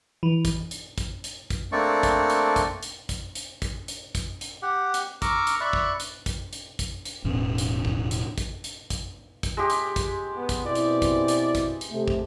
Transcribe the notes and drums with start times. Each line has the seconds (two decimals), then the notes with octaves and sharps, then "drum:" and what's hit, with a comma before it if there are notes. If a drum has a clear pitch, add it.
0.23 E3
0.45 drum: kick, hi-hat
0.71 drum: hi-hat
0.98 drum: kick, hi-hat
1.24 drum: hi-hat
1.50 drum: kick, hi-hat
1.72 A3 A#3 C4 D4 D5 C#6
2.03 drum: kick, hi-hat
2.30 drum: hi-hat
2.56 drum: kick, hi-hat
2.83 drum: hi-hat
3.09 drum: kick, hi-hat
3.35 drum: hi-hat
3.62 drum: kick, hi-hat
3.88 drum: hi-hat
4.15 drum: kick, hi-hat
4.41 drum: hi-hat
4.62 G4 F#5
4.94 drum: hi-hat
5.22 A#5 C#6 D6 E6 F6, drum: kick, hi-hat
5.47 drum: hi-hat
5.61 D5 E5 B5 C#6 F#6
5.73 drum: kick
6.00 drum: hi-hat
6.26 drum: kick, hi-hat
6.53 drum: hi-hat
6.79 drum: kick, hi-hat
7.05 drum: hi-hat
7.24 E1 A2 C#4
7.58 drum: hi-hat
7.85 drum: kick
8.11 drum: hi-hat
8.38 drum: kick, hi-hat
8.64 drum: hi-hat
8.90 drum: kick, hi-hat
9.43 drum: kick, hi-hat
9.57 G#3 G4
9.70 drum: hi-hat
9.96 drum: kick, hi-hat
10.36 B3
10.49 drum: kick, hi-hat
10.65 B2 C4 E4 D5
10.75 drum: hi-hat
11.02 drum: kick, hi-hat
11.28 drum: hi-hat
11.55 drum: kick, hi-hat
11.81 drum: hi-hat
11.91 C3 A3
12.08 drum: kick